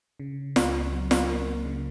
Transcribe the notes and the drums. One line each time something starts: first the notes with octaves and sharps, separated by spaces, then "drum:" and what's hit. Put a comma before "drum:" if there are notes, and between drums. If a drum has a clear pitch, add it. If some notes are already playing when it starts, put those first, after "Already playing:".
C#3
C#2, drum: snare
F#3
drum: snare
A#3
C#3